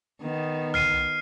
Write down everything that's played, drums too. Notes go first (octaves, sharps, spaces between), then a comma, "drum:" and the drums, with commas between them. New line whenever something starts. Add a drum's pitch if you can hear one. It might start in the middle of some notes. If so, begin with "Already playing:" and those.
D#3 B3
F6 C7 D#7, drum: tom C2